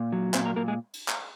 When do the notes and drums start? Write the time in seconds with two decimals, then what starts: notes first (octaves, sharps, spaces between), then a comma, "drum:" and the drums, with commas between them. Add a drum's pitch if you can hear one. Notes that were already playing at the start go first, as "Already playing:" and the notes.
Already playing: A#2
0.12 F#3
0.34 A#2 C4 C5, drum: clap
0.45 A#3 A#4
0.56 A#2 A#3 A#4
0.68 G#3 G#4
0.94 drum: cymbal
1.08 drum: clap